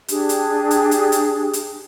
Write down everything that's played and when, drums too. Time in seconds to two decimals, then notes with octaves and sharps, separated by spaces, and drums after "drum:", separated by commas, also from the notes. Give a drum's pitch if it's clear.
0.08 D4 G4 G#4, drum: hi-hat
0.29 drum: hi-hat
0.71 drum: hi-hat
0.91 drum: hi-hat
1.12 drum: hi-hat
1.53 drum: hi-hat